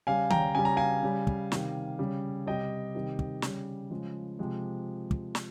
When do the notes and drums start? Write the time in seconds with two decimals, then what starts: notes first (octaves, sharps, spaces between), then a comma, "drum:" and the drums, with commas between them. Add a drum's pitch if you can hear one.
0.07 C#3 G3 F5 G#5
0.30 G5 A#5, drum: tom D#3
0.55 C#3 G3 G#5
0.65 A#5
0.76 F5 G#5
1.03 C#3 G3
1.27 drum: kick
1.52 C3 D#3 G3, drum: snare
1.99 C#3 G3
2.46 C3 G3 D#5 G5
2.95 C3 D#3 G3
3.19 drum: kick
3.42 C#3 G3, drum: snare
3.91 C#3 F3 G#3
4.39 C3 F3 G#3
5.11 drum: kick
5.35 drum: snare